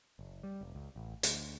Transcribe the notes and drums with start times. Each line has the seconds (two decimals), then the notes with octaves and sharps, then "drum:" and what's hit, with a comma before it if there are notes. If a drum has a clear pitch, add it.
0.19 F#1
0.43 G3
0.61 F1
0.75 C#2
0.96 A1
1.23 D2, drum: hi-hat